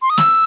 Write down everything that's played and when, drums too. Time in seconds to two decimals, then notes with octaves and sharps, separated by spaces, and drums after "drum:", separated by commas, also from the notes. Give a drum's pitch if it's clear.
0.02 C6
0.10 D#6
0.18 E6, drum: snare